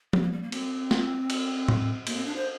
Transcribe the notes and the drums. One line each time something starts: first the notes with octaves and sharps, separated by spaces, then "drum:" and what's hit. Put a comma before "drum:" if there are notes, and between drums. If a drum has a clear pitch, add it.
C4, drum: tom F3
A#3
G3
A#3
C4, drum: cymbal
drum: snare
drum: cymbal
drum: tom A2
A#3, drum: cymbal
C4
D4
C5